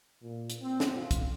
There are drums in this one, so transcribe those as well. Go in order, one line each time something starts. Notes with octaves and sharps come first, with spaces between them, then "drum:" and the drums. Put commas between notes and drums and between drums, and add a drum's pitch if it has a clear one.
A#2
drum: hi-hat
C4
drum: snare
F4
drum: kick, hi-hat